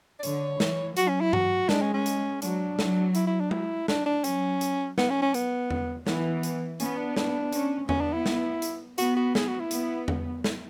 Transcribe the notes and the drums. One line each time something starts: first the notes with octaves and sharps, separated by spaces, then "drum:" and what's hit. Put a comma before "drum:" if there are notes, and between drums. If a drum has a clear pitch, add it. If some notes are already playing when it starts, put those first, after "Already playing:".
D5
D3 C#5, drum: hi-hat
E3, drum: snare
F#3 F#4, drum: hi-hat
C#4
E4
F#4, drum: tom G2
G#3 D4, drum: snare
C#4
C#4
drum: hi-hat
F#3 D4, drum: hi-hat
F#3, drum: snare
E4, drum: hi-hat
E4
D4
E4, drum: tom G#3
D4, drum: snare
D4
F#3 C#4, drum: hi-hat
drum: hi-hat
B3, drum: snare
C#4
C#4
B3, drum: hi-hat
drum: tom E2
E3 B3, drum: snare
drum: hi-hat
B3 C#4, drum: hi-hat
D4
D4, drum: snare
C#4, drum: hi-hat
B3 C#4, drum: tom E2
D4
E4
drum: snare
drum: hi-hat
B3 F#4, drum: hi-hat
F#4
G#4, drum: snare
F#4
E4
B3, drum: hi-hat
drum: tom E2
drum: snare